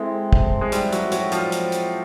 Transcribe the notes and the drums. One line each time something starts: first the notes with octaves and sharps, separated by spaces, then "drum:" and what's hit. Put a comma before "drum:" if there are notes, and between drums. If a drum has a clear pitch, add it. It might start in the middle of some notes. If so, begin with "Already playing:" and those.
Already playing: G#3 C4 E4 A4
drum: kick
G#3
G3, drum: hi-hat
F#3, drum: hi-hat
F#3, drum: hi-hat
F3, drum: hi-hat
drum: hi-hat
drum: hi-hat